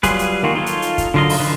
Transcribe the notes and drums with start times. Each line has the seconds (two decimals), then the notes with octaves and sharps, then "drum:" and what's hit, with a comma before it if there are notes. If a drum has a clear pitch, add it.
0.03 F#3 G3 F4 G#4 B4, drum: kick, hi-hat
0.19 drum: hi-hat
0.43 D#3 A#3 F4 F#4
0.55 D#4 F4 A4 C#5
0.66 drum: hi-hat
0.82 drum: hi-hat
0.98 drum: kick, hi-hat
1.14 D3 F#3 F4 A#4 D#5
1.29 drum: open hi-hat
1.40 D3 E3 D#4 F4 B4